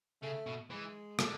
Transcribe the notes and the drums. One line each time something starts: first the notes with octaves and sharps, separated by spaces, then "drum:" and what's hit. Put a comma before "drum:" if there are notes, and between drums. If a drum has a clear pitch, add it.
C#3 A3
B2
E3 G#3
D3, drum: rim click